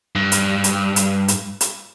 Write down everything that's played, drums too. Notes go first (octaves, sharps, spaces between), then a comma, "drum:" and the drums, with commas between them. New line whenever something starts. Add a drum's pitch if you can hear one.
G2
drum: hi-hat
drum: hi-hat
drum: hi-hat
drum: hi-hat
drum: hi-hat